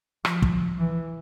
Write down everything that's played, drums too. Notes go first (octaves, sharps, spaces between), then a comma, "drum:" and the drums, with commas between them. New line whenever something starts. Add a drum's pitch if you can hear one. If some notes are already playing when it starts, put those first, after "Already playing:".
F3, drum: rim click
drum: kick
E3